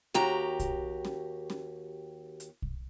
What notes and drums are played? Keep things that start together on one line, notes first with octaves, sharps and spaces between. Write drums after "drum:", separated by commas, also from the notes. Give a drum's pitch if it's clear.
D#2 F#4 G4 A#5, drum: snare C#4
drum: kick, hi-hat
drum: snare C#4
drum: snare C#4
drum: hi-hat
drum: kick